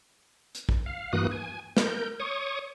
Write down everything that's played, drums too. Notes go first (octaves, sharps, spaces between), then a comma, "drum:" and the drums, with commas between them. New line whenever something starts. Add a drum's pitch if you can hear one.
drum: hi-hat
drum: kick
F5
G2 E3 A#3 F#4 D#6 F#6
G#5
A#4 G6, drum: snare
C#5 C#6 D#6